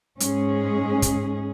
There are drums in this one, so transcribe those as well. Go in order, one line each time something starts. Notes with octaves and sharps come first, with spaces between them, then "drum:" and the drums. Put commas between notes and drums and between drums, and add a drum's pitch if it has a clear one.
G#2 G#3 C#4 G#4, drum: hi-hat
drum: kick, hi-hat